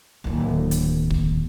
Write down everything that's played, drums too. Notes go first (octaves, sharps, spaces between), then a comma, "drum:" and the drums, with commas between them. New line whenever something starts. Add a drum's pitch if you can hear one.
D1 D#2
drum: hi-hat
drum: kick